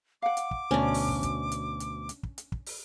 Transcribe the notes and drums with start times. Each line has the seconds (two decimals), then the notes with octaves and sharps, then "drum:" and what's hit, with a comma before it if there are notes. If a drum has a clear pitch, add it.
0.22 F5 F#5 D6
0.37 drum: hi-hat
0.51 drum: kick
0.71 D2 B2 C#4 D4
0.94 drum: open hi-hat
1.09 drum: kick
1.23 drum: kick, hi-hat
1.52 drum: hi-hat
1.80 drum: hi-hat
2.09 drum: hi-hat
2.23 drum: kick
2.38 drum: hi-hat
2.52 drum: kick
2.66 drum: open hi-hat